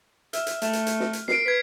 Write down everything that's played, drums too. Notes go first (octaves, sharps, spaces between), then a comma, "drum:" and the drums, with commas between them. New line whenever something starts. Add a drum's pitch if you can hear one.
E5 F6, drum: hi-hat
drum: hi-hat
A3, drum: hi-hat
drum: hi-hat
drum: hi-hat
drum: snare
drum: hi-hat
A#4 C7 D7, drum: snare
B4 G#6 B6